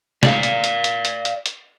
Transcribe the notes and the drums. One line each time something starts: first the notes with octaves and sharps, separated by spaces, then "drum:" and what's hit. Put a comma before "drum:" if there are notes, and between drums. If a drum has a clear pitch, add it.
D5 F5, drum: snare
drum: hi-hat
drum: hi-hat
drum: hi-hat
drum: hi-hat
drum: hi-hat
drum: hi-hat